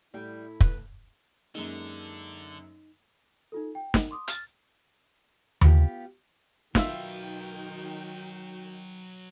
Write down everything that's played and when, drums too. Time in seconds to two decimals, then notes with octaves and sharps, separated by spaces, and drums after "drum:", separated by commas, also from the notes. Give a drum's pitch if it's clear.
0.14 A2 G3 E4 A4 G5
0.60 B4, drum: kick
1.55 F#2 D3 G#3 A#3 D#4
3.52 D#4 F4 A4
3.75 G5
3.94 F#5, drum: snare
4.11 C6 D6 D#6
4.28 F6 A6, drum: hi-hat
5.61 B3 F4 G4, drum: tom D#2
6.75 D#3 F#3 F4 F#4 B4 E5 G5, drum: snare